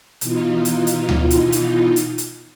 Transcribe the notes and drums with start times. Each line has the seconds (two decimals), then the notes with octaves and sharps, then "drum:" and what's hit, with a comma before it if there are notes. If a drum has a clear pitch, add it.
0.21 B2 E3 D#4 F4, drum: hi-hat
0.65 drum: hi-hat
0.87 drum: hi-hat
1.09 drum: tom D2
1.30 drum: hi-hat
1.52 drum: hi-hat
1.96 drum: hi-hat
2.18 drum: hi-hat